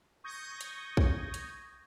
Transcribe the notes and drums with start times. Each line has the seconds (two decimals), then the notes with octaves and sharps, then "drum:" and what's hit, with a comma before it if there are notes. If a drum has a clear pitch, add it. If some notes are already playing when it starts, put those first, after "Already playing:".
0.24 C#6 D#6 G6 G#6 A#6
0.61 drum: hi-hat
0.97 drum: kick
1.34 drum: hi-hat